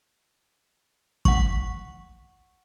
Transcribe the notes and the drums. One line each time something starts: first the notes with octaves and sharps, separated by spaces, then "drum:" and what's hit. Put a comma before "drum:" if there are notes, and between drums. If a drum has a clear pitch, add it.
F#5 C#6, drum: kick